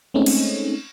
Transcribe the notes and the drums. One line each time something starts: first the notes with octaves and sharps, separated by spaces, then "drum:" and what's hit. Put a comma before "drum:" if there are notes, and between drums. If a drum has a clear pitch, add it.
G#3 A3 C4 C#4 D#4
drum: cymbal